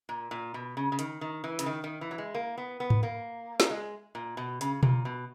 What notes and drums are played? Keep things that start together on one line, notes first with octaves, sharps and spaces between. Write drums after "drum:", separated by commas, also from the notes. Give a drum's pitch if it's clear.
A#2
A#2
B2
C#3
C#3
D#3, drum: hi-hat
D#3
E3
C#3, drum: hi-hat
D#3
D#3
E3
F#3
G#3
A#3
B3
B3
drum: tom G#2
A#3
drum: snare
G#3
A#2
B2
C#3, drum: hi-hat
A#2, drum: tom B2
B2